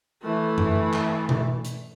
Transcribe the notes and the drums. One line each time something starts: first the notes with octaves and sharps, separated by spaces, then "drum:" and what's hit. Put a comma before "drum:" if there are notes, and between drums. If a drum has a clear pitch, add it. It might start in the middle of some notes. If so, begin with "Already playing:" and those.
E3 A3
drum: tom F#2
drum: clap
drum: tom B2
drum: hi-hat